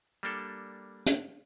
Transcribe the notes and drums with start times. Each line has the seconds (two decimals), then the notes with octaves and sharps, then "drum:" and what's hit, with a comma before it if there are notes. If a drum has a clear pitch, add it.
0.23 G3 A#3 D4 A4
1.06 drum: hi-hat